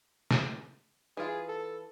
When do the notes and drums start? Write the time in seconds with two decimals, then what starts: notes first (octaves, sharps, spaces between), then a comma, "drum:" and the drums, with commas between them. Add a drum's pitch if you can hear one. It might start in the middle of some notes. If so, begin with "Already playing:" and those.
0.31 drum: snare
1.17 E3 F4 G#4
1.48 A4